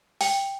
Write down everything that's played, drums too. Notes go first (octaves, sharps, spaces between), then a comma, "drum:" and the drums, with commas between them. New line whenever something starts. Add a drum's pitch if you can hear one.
G5, drum: open hi-hat